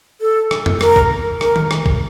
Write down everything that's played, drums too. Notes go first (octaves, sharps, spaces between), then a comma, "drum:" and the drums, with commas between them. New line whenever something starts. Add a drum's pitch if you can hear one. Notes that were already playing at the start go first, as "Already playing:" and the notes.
A4
drum: rim click
drum: tom F2
A#4, drum: rim click
drum: kick
A#4, drum: rim click
drum: tom D#3
drum: rim click
drum: kick